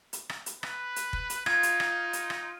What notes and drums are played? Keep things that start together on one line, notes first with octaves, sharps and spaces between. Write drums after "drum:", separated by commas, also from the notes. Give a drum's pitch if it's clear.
drum: hi-hat
drum: rim click
drum: hi-hat
B4, drum: rim click
drum: hi-hat
drum: kick F1
drum: hi-hat
D#4 F4 G#6, drum: rim click
drum: hi-hat
drum: rim click
drum: hi-hat
drum: rim click